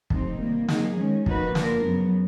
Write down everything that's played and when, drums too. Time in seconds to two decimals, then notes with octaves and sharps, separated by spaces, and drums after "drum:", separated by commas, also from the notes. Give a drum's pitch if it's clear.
0.10 C3 F3 A3 C4 D#4, drum: kick
0.40 C3 D#3 G3 A#3
0.68 F#3 A#3 D#4 G#4, drum: snare
0.98 D#3 G#3 C#4
1.26 F3 A#3 D#4 F#4 B4, drum: kick
1.55 A#3 D4 F4 A#4, drum: snare
1.83 F#2 C#3 F#3 B3